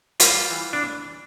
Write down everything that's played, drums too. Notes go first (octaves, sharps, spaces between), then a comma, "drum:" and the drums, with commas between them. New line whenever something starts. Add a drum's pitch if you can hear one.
G3 F4, drum: hi-hat
E3
D4